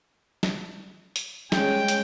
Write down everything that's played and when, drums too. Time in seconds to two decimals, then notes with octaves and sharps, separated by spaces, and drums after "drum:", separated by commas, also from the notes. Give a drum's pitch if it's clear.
0.43 drum: snare
1.16 drum: hi-hat
1.52 G3 G#3 C#4 G5, drum: snare
1.88 drum: hi-hat